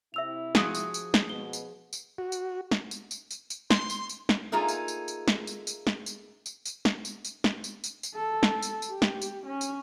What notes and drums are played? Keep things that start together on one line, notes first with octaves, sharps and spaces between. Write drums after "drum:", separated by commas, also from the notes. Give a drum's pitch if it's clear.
C3 E4 E5 E6 F7
F3 F#4 G#4, drum: snare
drum: tambourine
drum: tambourine
drum: snare
B2 B3 G7
drum: tambourine
drum: tambourine
F#4
drum: tambourine
drum: snare
drum: tambourine
drum: tambourine
drum: tambourine
drum: tambourine
C6, drum: snare
drum: tambourine
drum: tambourine
drum: snare
A3 A#3 D#4 F4 G#4
drum: tambourine
drum: tambourine
drum: tambourine
drum: snare
drum: tambourine
drum: tambourine
drum: snare
drum: tambourine
drum: tambourine
drum: tambourine
drum: snare
drum: tambourine
drum: tambourine
drum: snare
drum: tambourine
drum: tambourine
drum: tambourine
A4
drum: snare
drum: tambourine
drum: tambourine
G4
drum: snare
drum: tambourine
C#4
drum: tambourine